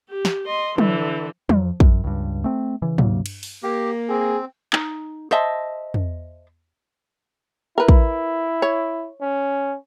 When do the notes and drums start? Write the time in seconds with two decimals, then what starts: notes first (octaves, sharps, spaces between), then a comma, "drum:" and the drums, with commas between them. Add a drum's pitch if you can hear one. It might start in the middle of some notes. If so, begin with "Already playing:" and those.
0.11 G4
0.25 drum: snare
0.46 D#5 C6
0.78 D3 E3, drum: tom
1.49 F2, drum: tom
1.80 F#2, drum: kick
2.04 C#2 G2
2.44 A3 C4
2.82 C#3 E3
2.98 D2 C3 F#3 A#3, drum: tom
3.26 drum: cymbal
3.43 drum: open hi-hat
3.63 A#3 G4
4.09 C4 G#4
4.73 D#4, drum: clap
5.31 C5 D#5 E5 A5
5.94 drum: tom
7.78 E4 A#4 B4
7.89 drum: kick
8.62 C#5
9.21 C#4